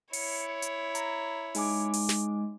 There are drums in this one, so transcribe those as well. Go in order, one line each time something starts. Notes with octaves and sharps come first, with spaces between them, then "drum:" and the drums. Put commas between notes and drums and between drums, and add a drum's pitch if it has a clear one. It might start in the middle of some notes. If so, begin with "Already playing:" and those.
E4 C#5 C#7, drum: open hi-hat
drum: hi-hat
A#5, drum: hi-hat
G#3 D#4 G#5 D6, drum: open hi-hat
drum: open hi-hat
drum: snare